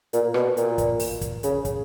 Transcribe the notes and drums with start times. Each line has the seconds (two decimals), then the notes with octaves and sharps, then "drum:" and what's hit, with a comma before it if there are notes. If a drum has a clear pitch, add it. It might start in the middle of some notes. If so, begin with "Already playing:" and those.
0.13 A#2, drum: hi-hat
0.34 B2, drum: rim click
0.57 A#2, drum: hi-hat
0.78 drum: kick, hi-hat
1.00 drum: open hi-hat
1.21 drum: kick, hi-hat
1.43 C#3, drum: hi-hat
1.65 drum: kick, hi-hat